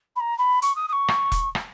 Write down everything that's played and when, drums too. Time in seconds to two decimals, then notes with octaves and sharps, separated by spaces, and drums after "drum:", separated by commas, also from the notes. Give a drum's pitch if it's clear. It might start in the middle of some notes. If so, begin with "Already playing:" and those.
0.16 B5
0.20 A#5
0.38 B5
0.62 C#6, drum: hi-hat
0.75 D#6
0.88 D#6
0.92 C#6
1.08 drum: rim click
1.32 drum: kick E1, hi-hat
1.55 drum: rim click